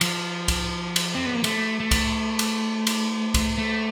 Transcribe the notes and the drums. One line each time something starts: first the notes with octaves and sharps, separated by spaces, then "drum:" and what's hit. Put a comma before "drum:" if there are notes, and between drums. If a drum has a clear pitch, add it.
F3, drum: cymbal
drum: kick C2, cymbal
drum: cymbal
C4
B3
A#3
A3, drum: cymbal
A3
drum: kick C2, cymbal
drum: cymbal
drum: cymbal
drum: kick C2, cymbal
A3